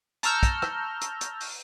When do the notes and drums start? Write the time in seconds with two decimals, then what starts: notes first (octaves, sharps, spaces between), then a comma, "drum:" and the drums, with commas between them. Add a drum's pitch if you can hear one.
0.23 A5 A#5 C#6 E6 F6 G6, drum: hi-hat
0.43 drum: kick, hi-hat
0.62 drum: rim click
1.01 drum: hi-hat
1.21 drum: hi-hat
1.41 drum: open hi-hat